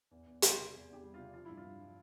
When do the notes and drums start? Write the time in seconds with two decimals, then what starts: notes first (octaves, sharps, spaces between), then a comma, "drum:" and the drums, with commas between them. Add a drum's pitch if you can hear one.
0.11 E2
0.26 E2
0.42 G3, drum: hi-hat
0.57 C3
0.72 E2 G#4
0.88 E2
0.93 G4
1.03 G3
1.14 C3 F4
1.33 F3 F4
1.45 G2 E4
1.57 F4
1.65 G2
1.80 F3